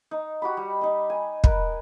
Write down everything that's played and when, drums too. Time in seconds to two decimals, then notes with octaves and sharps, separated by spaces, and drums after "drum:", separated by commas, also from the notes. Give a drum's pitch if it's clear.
0.11 D#4
0.42 F#4 G4 B5
0.57 G3
0.81 D#4 D#5
1.10 G#5
1.44 A#4 B4, drum: kick